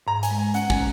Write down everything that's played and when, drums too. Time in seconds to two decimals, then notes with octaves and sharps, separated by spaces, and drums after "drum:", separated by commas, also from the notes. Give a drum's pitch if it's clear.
0.07 G#2 A#5
0.23 G#5, drum: hi-hat
0.31 G#3
0.38 G#5
0.54 C#4 F#5, drum: hi-hat
0.70 G#5, drum: kick